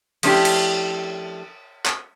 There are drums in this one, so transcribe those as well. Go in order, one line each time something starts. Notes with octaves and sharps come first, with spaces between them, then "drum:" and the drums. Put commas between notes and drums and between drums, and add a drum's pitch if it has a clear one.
F3 A3 C#4 D4 E4 G4, drum: cymbal
drum: cymbal
drum: clap